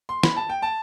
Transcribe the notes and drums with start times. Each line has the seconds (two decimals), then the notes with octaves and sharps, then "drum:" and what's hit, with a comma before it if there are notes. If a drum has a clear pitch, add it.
0.09 C6
0.23 B5, drum: snare
0.37 A5
0.49 G5
0.62 A5